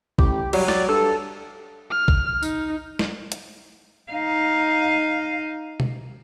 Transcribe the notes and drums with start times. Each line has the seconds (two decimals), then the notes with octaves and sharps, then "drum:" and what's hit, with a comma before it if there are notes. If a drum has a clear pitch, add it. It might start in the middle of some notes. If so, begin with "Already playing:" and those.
0.19 A1 G4, drum: kick A1
0.53 F#3 G3, drum: cymbal
0.68 D5, drum: snare
0.89 G2 A4
1.91 F6
2.08 drum: kick A1
2.43 D#4, drum: tambourine
2.99 drum: snare
3.32 drum: hi-hat
4.12 D#4 F5
5.80 drum: tom B2